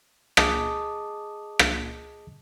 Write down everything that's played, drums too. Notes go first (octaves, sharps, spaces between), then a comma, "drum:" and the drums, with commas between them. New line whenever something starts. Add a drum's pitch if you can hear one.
G#4 D#5 A5 D6 D#6, drum: rim click
drum: rim click